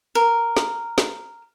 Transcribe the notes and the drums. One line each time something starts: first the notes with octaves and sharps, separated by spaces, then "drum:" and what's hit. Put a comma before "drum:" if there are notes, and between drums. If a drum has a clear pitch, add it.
A#4
drum: snare
drum: snare